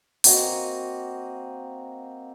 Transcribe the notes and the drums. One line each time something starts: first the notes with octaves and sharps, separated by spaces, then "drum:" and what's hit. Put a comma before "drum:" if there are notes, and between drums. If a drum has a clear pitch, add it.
A#3 C4 F#4 D#5, drum: open hi-hat